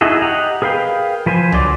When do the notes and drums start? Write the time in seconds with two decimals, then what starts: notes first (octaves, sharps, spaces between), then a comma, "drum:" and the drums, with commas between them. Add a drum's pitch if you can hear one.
0.01 D#4 E4 F#4 G#4 A4
0.22 G4 D#5 F#5 A#5
0.62 G#4 A#4 B4 F5 G5
1.26 F3 B4 C5 G#5
1.52 D3 F#3 D5 C6 D6, drum: tom C#2